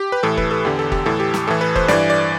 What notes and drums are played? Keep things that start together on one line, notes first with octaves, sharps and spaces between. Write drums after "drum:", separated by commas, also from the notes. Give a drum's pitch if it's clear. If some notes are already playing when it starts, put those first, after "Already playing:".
Already playing: G4
B4
A2 E3 A4
B4, drum: kick F1
A4
E2 D3 G4
A4
G4, drum: kick F1
A2 E3 A4
G4
drum: snare
A2 E3 A4
B4
C5, drum: kick F1
G2 E3 D5, drum: snare
D5